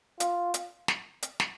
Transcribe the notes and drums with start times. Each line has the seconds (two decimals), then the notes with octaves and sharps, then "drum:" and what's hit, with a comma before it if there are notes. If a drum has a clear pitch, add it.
0.20 F4, drum: hi-hat
0.54 drum: hi-hat
0.88 drum: snare
1.22 drum: hi-hat
1.40 drum: snare